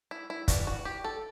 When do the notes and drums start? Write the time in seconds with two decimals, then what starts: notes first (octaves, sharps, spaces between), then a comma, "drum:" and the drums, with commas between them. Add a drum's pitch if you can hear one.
0.11 E4
0.30 E4
0.48 E3 G3 D4 F#4, drum: kick, hi-hat
0.67 F#4
0.85 G4
1.04 A4